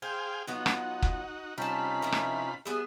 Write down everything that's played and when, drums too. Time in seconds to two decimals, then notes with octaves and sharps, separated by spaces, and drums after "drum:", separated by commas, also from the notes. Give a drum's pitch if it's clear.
0.02 G#4 C5 F5 G5
0.47 F#3 B3 D#4 F4 F#4
0.66 drum: rim click
1.02 drum: kick
1.58 C3 G3 C#4 D#4 F4 A5 B5
2.02 F3 E4 A#4
2.12 drum: rim click
2.66 G3 B3 G#4 E5